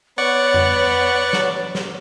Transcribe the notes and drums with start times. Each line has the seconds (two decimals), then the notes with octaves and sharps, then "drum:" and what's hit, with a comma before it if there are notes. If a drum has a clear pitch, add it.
0.18 B3 C#5 D5 F#5 C#6
0.54 drum: tom F2
1.33 drum: snare
1.75 drum: snare